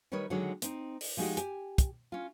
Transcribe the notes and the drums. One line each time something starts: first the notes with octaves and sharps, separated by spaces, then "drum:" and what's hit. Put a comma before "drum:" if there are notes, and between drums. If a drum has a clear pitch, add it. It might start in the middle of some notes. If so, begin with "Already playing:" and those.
D#3 G3 A#4 B4 C#5 D#5
D3 D#3 F#3 G#3 C#5
C4 D#4, drum: hi-hat
drum: open hi-hat
F3 G#3 B3 D#4 F#4 G4
G4 G#5, drum: hi-hat
drum: kick, hi-hat
C#4 F4